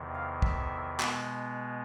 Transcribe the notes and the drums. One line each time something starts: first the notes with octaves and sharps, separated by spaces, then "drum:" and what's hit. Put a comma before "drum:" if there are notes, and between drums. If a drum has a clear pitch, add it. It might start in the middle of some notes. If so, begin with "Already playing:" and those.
Already playing: E2 C3 D#3
F5
E5, drum: kick
B2 G#3 B3, drum: clap